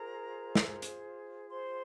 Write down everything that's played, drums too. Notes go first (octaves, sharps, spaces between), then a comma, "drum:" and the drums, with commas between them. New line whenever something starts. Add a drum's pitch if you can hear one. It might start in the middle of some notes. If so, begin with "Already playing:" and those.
Already playing: F4 G#4 A#4 C5 A#5
drum: snare
drum: hi-hat
C5 C6